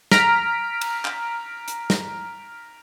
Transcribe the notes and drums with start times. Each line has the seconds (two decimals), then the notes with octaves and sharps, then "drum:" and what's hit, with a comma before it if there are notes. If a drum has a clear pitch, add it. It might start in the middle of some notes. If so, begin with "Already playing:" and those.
0.11 A#5 F6 B6 D7, drum: snare
0.81 drum: cymbal
1.05 drum: clap
1.68 drum: hi-hat
1.90 drum: snare